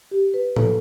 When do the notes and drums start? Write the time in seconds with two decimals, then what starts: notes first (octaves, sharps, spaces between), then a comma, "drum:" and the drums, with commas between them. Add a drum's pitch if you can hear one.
0.11 G4
0.34 B4
0.56 A4, drum: tom A2